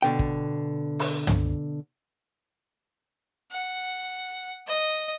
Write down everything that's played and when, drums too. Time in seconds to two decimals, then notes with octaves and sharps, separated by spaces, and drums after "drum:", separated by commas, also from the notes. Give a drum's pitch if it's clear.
0.02 B2 D3 G5
0.19 drum: kick
0.99 drum: open hi-hat
1.27 drum: tom
3.51 F#5
4.67 D#5